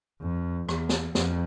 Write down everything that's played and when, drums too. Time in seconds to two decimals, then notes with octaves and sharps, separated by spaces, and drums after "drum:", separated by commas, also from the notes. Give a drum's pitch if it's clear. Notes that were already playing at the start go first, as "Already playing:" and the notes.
0.21 F2
0.69 E2, drum: rim click
0.89 drum: snare
1.15 F2, drum: snare